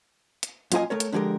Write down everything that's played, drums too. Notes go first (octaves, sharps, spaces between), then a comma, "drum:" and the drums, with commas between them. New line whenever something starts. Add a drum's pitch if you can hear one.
drum: hi-hat
F#2 A#2 F4 A#4 D#5 G#5, drum: hi-hat
A3 A#4 C#5
drum: hi-hat
D3 F3 G#3 G4 A#4